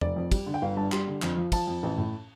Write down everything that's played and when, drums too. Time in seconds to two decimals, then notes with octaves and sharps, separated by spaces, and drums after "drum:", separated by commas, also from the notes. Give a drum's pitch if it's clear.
0.01 F1 D5, drum: tom E2
0.16 F2
0.32 G3, drum: kick, cymbal
0.46 D3
0.54 G5
0.62 G1 F5
0.76 G2 A5
0.92 G3 C6, drum: clap
1.07 D3
1.22 F2, drum: clap
1.37 F3
1.52 F3 A5, drum: kick, cymbal
1.67 F2
1.83 A1
1.98 A2